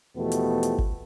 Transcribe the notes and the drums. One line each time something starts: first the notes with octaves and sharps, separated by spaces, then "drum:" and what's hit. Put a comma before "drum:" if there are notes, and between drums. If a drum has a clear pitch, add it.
E2 B2 F3 A3 B3 G4
drum: hi-hat
drum: hi-hat
drum: kick G#1